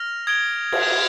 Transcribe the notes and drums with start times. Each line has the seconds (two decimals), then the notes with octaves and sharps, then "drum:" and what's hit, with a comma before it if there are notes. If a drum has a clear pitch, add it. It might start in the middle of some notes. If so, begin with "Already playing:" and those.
Already playing: F6 A#6 F7
0.27 D#6 G#6 D7 G7
0.72 drum: cymbal